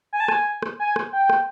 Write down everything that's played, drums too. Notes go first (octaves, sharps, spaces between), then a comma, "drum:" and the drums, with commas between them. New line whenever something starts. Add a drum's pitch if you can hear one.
G#5
A5
G#5, drum: rim click
drum: rim click
G#5
drum: rim click
G5
drum: rim click